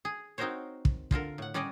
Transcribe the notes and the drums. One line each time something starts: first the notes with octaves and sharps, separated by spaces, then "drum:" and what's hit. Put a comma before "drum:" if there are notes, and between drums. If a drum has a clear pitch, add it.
G#4
C4 D#4 F#4 A#4 C5 C#5
drum: kick
D3 F4 A4 A#4, drum: kick
A2 F#5
G3 C#4 F#4 D5 D#5